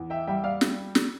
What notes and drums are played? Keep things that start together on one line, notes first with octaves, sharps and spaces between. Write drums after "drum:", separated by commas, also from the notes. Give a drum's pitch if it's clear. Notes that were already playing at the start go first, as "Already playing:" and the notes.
Already playing: E2
E5 G5
G3 E5 G5
D5 F5
drum: snare
drum: snare